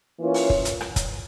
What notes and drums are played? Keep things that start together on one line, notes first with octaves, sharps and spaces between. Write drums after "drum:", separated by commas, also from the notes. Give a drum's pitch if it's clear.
E3 A#3 C#4 F4
drum: open hi-hat
drum: kick
drum: hi-hat
drum: rim click
drum: kick, hi-hat